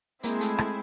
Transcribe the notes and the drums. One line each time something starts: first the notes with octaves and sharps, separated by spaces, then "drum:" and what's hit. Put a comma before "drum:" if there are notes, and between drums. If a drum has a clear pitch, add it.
G#3 A#3 C4 E4, drum: hi-hat
A3, drum: hi-hat
A3, drum: rim click